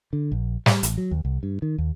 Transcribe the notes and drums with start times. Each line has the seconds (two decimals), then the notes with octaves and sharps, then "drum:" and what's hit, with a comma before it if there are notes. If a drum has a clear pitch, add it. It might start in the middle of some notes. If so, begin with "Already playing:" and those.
0.13 D3
0.32 A#1
0.66 G3, drum: snare
0.83 A1, drum: hi-hat
0.98 F#3
1.11 D#2
1.25 C2
1.43 G2
1.62 D#3
1.78 D#2